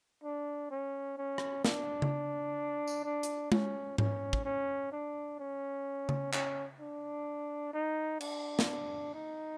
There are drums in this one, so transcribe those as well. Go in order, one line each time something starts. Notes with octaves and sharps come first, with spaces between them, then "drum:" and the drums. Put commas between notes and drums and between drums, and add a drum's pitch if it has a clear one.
D4
C#4
C#4
drum: rim click
D4, drum: snare
drum: tom C#3
drum: tambourine
D4
drum: hi-hat
C#4, drum: tom G#3
C#4, drum: tom G#2
drum: kick
C#4
D4
C#4
drum: tom C#3
C#4, drum: clap
D4
D#4
D4, drum: cymbal
drum: snare
D#4